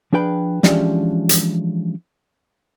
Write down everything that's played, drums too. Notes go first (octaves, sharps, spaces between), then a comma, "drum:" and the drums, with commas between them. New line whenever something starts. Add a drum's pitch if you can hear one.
F3 D4 G#4 B4 G5 B5
E3 F3 G#3 C#4 D4 G4, drum: snare
drum: hi-hat